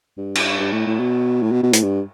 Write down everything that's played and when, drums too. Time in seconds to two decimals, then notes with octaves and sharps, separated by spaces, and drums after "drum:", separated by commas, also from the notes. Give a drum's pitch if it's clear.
0.17 G2
0.35 drum: cymbal
0.59 G2
0.72 A2
0.87 A2
1.00 B2
1.43 A2
1.52 B2
1.63 B2
1.73 A2, drum: hi-hat
1.83 G2